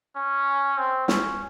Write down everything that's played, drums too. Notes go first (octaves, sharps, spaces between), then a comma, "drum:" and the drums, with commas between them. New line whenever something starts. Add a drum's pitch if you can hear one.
C#4
C4
C#4, drum: snare